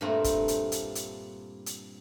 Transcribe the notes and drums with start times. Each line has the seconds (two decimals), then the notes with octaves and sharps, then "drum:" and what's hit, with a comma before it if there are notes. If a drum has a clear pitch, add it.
0.01 G2 A#2 A3 A#3 C4 A#5
0.24 drum: kick, hi-hat
0.48 drum: hi-hat
0.72 drum: hi-hat
0.95 drum: hi-hat
1.66 drum: hi-hat